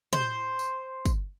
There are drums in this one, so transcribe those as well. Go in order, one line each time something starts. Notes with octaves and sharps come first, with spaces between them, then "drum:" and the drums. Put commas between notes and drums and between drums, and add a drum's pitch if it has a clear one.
C5, drum: tom
drum: tambourine
drum: kick, tambourine